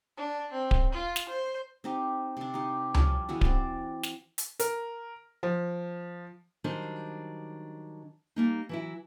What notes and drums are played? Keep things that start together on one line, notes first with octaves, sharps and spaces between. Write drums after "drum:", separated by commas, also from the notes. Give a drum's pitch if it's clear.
D4
C4
drum: kick D1
F4
drum: snare
C5
C4 D#4 G4
C3 D4
D#4 G4
F3 G3 C#4 D4, drum: tom C#2
C#3 E3 B3 F#4
C4 D5, drum: kick D1
drum: snare
drum: hi-hat
A#4, drum: hi-hat
F3
D#3 F#3 G3 D4 C5
G3 A#3 D#4
E3 F#3 E4